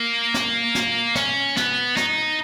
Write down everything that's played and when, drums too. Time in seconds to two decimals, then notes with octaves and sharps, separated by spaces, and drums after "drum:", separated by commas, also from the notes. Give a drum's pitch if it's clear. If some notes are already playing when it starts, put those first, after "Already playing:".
Already playing: A#3
0.34 drum: snare
0.75 drum: snare
1.15 C#4, drum: snare
1.57 B3, drum: snare
1.96 D#4, drum: snare